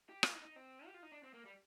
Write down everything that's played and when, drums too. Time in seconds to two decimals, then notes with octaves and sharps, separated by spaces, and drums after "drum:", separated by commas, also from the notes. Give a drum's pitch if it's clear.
0.09 G4
0.23 F4, drum: rim click
0.34 D#4
0.45 D#4
0.56 C4
0.87 G4
0.94 F4
1.03 D#4
1.12 D4
1.23 C4
1.34 A#3
1.45 G3